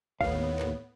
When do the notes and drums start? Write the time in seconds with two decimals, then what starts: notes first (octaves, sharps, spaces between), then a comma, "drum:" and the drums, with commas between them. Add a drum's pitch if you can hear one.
0.21 D#2 A2 B3 C#5 F5, drum: kick
0.59 drum: clap